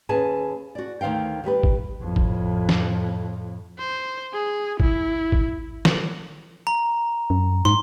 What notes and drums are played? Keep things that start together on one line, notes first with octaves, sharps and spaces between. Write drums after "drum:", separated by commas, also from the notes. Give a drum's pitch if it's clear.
D#2 C#4 G#4 B4 G#5 A5
F#4 D5
D2 D#3 C5 F5 G5
D#3 G3 G4 B4
drum: kick
F2 A2
drum: kick
drum: snare
C5
G#4
E4, drum: kick
drum: kick
drum: snare
A#5
F#2
G#2 C6